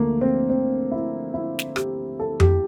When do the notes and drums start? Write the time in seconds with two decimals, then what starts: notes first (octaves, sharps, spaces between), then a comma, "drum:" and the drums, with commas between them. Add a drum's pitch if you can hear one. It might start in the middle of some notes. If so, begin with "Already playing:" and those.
Already playing: D2 D3 F3 A3 A#3
0.21 C4
0.50 C4
0.91 E4
1.34 E4
1.59 drum: snare
1.76 G4, drum: rim click
2.20 A4
2.40 G4, drum: tom F2